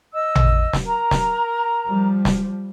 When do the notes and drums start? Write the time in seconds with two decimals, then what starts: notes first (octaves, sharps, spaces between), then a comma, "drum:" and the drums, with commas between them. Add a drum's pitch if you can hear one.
0.13 D#5 E6
0.35 drum: tom A1
0.73 drum: snare
0.85 A#4 A#5
1.11 drum: snare
1.87 F3 G3
2.25 drum: snare